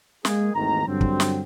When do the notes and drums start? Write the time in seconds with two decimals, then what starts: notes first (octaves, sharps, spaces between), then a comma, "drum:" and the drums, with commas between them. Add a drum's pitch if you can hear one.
0.25 G#3 A#3 G#4, drum: snare
0.55 G#1 D#2 D#3 E3 A3 A#5
0.87 G2 D3 F#3 C4
1.01 drum: kick
1.20 drum: snare